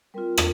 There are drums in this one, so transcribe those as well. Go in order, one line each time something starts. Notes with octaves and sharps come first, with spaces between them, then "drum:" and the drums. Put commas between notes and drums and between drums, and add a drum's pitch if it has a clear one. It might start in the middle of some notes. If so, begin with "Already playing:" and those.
G3 C4 F4 A#4
drum: rim click